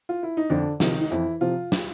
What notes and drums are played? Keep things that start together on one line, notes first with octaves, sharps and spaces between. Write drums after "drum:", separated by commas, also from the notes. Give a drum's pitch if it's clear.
F4
E4
D#4
F2 D3 D4
C3 D#3 F3 D#4, drum: snare
D#4
F2 E3 E4
C3 F3 F4
drum: snare